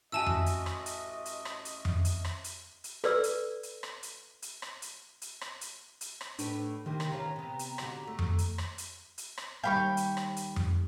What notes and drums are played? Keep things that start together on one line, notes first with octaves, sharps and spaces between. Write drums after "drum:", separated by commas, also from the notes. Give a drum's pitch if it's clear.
A1 F#4 D#5 G#5 A5 E6
drum: tom F2
drum: hi-hat
drum: rim click
drum: hi-hat
drum: hi-hat
drum: rim click
drum: hi-hat
drum: tom F2
drum: hi-hat
drum: rim click
drum: hi-hat
drum: hi-hat
A4 B4 D5 E6, drum: rim click
drum: hi-hat
drum: hi-hat
drum: rim click
drum: hi-hat
drum: hi-hat
drum: rim click
drum: hi-hat
drum: hi-hat
drum: rim click
drum: hi-hat
drum: hi-hat
drum: rim click
A2 D4 B4, drum: hi-hat
C3 D#3 A#3
drum: rim click
B3 C#4 F4 A#5
C3 B3
drum: hi-hat
G#2 D3 F#3, drum: rim click
A3
drum: tom F2
drum: hi-hat
drum: rim click
drum: hi-hat
drum: hi-hat
drum: rim click
D#2 G3 F5 G5 B5 C#6
drum: hi-hat
drum: rim click
drum: hi-hat
drum: tom F2